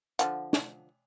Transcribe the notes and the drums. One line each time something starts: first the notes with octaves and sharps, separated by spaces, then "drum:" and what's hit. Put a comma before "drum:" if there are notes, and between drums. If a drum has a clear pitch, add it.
D3 F3 F#5, drum: hi-hat
drum: snare